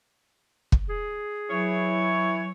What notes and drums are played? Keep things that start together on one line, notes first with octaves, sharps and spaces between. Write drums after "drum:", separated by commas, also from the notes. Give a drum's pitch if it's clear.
drum: kick
G#4
E3 F#3 E4 C#5